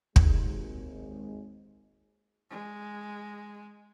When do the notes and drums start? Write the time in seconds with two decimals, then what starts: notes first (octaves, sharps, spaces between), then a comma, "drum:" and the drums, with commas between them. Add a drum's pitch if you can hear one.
0.16 G#1 D#2 G#3, drum: kick
2.50 G#3